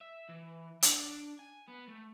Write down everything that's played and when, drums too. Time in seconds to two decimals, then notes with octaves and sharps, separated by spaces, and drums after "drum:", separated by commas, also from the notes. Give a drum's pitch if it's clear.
0.01 E5
0.29 E3
0.82 D4, drum: hi-hat
1.39 G#5
1.68 B3
1.88 A3